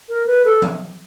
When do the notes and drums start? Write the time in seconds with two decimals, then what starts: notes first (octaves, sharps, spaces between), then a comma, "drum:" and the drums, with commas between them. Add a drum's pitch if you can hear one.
0.09 A#4
0.26 B4
0.45 A4
0.62 drum: tom E3